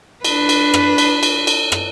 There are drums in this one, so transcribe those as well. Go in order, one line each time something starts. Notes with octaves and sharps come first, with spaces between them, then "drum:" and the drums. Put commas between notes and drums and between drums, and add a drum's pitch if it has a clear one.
D4 B4, drum: cymbal
drum: cymbal
drum: rim click
drum: cymbal
drum: cymbal
drum: cymbal
drum: rim click